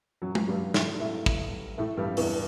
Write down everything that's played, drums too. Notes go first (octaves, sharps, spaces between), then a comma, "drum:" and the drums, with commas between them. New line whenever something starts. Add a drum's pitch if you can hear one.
F#2 F#3
drum: tom G#3
G2 G3
A2 A3, drum: snare
A2 A3
drum: kick
A2 A3
G2 G3
E2 E3, drum: open hi-hat